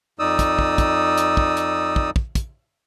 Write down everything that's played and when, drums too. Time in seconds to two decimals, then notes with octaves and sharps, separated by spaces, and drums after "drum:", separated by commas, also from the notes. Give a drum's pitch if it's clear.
0.19 F2 D#4 D5 D#6 E6
0.39 drum: kick, hi-hat
0.59 drum: kick
0.78 drum: kick, hi-hat
1.18 drum: hi-hat
1.37 drum: kick
1.57 drum: hi-hat
1.96 drum: kick
2.16 drum: kick
2.35 drum: kick, hi-hat